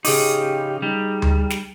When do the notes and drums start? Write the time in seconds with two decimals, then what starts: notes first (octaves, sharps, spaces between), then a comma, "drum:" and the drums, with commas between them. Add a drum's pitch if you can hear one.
0.05 C#3 D#4 G4 G#4 D6, drum: open hi-hat
0.82 G3 D#4
1.22 drum: tom D2
1.50 drum: snare